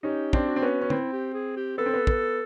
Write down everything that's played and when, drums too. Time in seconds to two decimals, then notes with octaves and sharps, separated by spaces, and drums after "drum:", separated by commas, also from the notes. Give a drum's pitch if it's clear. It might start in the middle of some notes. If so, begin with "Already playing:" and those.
0.03 C#4 D#4 G4
0.33 C4 D4, drum: kick
0.47 F#4
0.56 C4
0.62 B3 C#4
0.81 C#4
0.90 C4 E4, drum: tom
1.13 G4
1.34 G#4
1.57 G4
1.78 B3 A4
1.86 C4
1.94 B3
2.07 B3, drum: kick